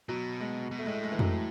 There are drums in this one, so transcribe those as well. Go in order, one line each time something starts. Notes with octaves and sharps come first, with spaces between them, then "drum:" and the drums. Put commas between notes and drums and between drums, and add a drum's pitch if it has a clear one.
B2 F#3
G#3
B2
A3
A2 G#3
A3
G#3
E3
F#3, drum: tom F2